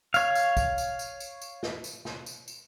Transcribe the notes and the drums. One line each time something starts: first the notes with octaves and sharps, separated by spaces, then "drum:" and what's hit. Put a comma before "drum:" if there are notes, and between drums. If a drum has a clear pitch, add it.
C#5 F5, drum: tambourine
drum: tambourine
drum: kick, tambourine
drum: tambourine
drum: tambourine
drum: tambourine
drum: tambourine
drum: snare
drum: tambourine
drum: snare
drum: tambourine
drum: tambourine